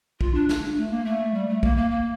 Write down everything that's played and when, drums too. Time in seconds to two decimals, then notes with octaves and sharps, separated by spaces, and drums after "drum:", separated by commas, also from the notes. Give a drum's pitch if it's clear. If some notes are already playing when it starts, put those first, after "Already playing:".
0.21 F4, drum: kick
0.35 D4
0.49 D4, drum: snare
0.77 A3
0.90 A#3
1.05 A3
1.34 G3
1.48 A3
1.63 A#3, drum: kick
1.77 A#3
1.91 A#3